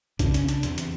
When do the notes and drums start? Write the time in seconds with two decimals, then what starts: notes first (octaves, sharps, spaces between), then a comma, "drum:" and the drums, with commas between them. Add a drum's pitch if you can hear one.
0.19 F#2 C#3 D4, drum: kick B1, hi-hat
0.34 C#4, drum: hi-hat
0.48 D4, drum: hi-hat
0.63 E2 C3, drum: hi-hat
0.78 drum: hi-hat